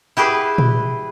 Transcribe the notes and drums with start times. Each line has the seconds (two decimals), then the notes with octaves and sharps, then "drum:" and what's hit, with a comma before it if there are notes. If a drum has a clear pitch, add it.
0.17 E4 G4 G#4 B4
0.58 drum: tom A#2